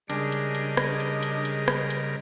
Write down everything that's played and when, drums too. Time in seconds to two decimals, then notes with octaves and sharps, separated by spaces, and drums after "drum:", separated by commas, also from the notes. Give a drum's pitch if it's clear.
0.10 C#3 G3 G#3 D4 A#4 D#5, drum: hi-hat
0.32 drum: hi-hat
0.55 drum: hi-hat
0.77 drum: rim click
1.00 drum: hi-hat
1.23 drum: hi-hat
1.45 drum: hi-hat
1.68 drum: rim click
1.90 drum: hi-hat